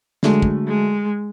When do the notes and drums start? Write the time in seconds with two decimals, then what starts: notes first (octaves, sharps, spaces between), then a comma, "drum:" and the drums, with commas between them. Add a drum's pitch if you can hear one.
0.23 D3 F#3 G#3 A3, drum: snare
0.42 drum: kick
0.67 G#3